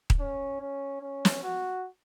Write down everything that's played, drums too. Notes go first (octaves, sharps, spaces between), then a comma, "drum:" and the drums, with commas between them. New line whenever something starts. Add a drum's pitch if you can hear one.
drum: kick D#1
C#4
C#4
C#4
drum: snare
F#4